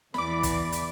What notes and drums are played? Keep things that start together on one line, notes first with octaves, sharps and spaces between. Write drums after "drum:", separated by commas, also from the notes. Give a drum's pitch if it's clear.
E2 E3 D5 B5 D6, drum: snare
drum: kick, hi-hat
drum: hi-hat